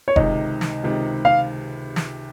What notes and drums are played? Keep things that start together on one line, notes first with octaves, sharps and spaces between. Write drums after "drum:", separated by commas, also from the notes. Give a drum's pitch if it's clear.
C#5
C#2 C3 D#3 D#5, drum: kick F1
drum: snare
C#2 C3 D#3
F5
drum: snare